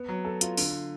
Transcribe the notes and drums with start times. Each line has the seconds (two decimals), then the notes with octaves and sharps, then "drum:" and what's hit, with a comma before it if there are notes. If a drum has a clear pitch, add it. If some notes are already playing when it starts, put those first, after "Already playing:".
Already playing: B3
0.08 F#3
0.25 A4
0.41 F4, drum: hi-hat
0.57 D3, drum: open hi-hat